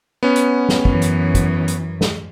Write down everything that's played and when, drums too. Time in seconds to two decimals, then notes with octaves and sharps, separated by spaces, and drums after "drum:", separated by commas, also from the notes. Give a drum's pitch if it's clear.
0.23 B3 C#4
0.36 drum: hi-hat
0.69 drum: snare
0.85 F#2 E3, drum: kick
1.02 drum: hi-hat
1.35 drum: kick, hi-hat
1.68 drum: hi-hat
2.01 drum: snare